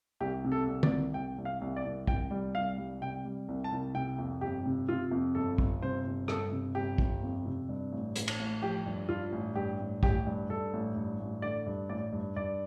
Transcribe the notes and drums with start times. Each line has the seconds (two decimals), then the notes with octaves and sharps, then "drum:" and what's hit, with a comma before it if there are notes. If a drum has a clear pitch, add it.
0.20 C2 G4
0.45 C3
0.52 A4
0.68 C2
0.83 D5, drum: tom D3
0.91 C2
1.14 C2 G5
1.38 C2
1.45 F5
1.61 C2
1.77 D5
1.85 C2
2.07 C2 G5, drum: kick
2.31 G3
2.55 C2 F5
2.78 G3
3.01 C3 G5
3.25 G3
3.48 C2
3.64 A5
3.72 C2
3.94 C3 G5
4.18 F2
4.41 G1 G4
4.66 C3
4.89 C3 F4
5.11 F2
5.35 G1 A4
5.58 G1, drum: kick
5.82 C3 C5
6.06 G1
6.28 G1 A4, drum: rim click
6.52 C3
6.75 G1 G4
6.98 G1, drum: kick
7.23 F2
7.46 C3
7.69 G2
7.92 A1
8.16 A1, drum: hi-hat
8.28 drum: cymbal
8.39 A1
8.62 F3 G4
8.86 G2
9.09 G2 F4
9.32 A1
9.56 G2 G4
9.80 A1
10.03 A1 G4, drum: kick
10.27 G2
10.50 G2 A4
10.73 A1
10.96 G2
11.20 A1
11.42 D3 D5
11.67 G2
11.89 A1 D5
12.13 G2
12.36 G2 D5